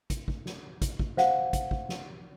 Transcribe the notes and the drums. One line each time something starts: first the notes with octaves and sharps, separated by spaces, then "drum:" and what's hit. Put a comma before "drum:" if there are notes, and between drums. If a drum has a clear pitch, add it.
drum: kick, hi-hat
drum: kick
drum: snare
drum: kick, hi-hat
drum: kick
C5 F5 F#5, drum: snare
drum: kick, hi-hat
drum: kick
drum: snare